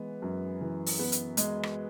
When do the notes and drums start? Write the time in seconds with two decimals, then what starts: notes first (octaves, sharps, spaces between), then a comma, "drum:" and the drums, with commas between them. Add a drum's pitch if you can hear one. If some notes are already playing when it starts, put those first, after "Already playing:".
Already playing: E3 G#3 B3
0.22 F#2
0.61 E3
0.86 drum: open hi-hat
0.99 B3
1.12 drum: hi-hat
1.37 G#3, drum: hi-hat
1.63 drum: rim click